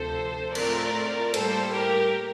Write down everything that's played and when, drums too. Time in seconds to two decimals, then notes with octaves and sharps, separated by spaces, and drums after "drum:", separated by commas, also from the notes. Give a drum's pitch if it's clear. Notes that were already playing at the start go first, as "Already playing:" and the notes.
Already playing: D2 C3 F3 A4 C5
0.55 A2 A3 C4 F4 A#4 D5, drum: cymbal
1.34 A2 G3 A#3 A4 C5, drum: cymbal
1.74 G4 A#4